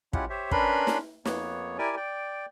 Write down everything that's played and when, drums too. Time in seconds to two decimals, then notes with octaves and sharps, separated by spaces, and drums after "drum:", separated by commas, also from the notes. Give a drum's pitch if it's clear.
0.13 G#3 C#4 E4 F4 G4 F#5, drum: kick
0.30 G4 C5 C#5 E5
0.51 C#4 D4 A#4 B4 B5 C6, drum: kick
0.87 drum: snare
1.25 F2 A#3 B3 C#5, drum: snare
1.78 E4 G4 A#4 D5 G5 G#5
1.96 D5 G5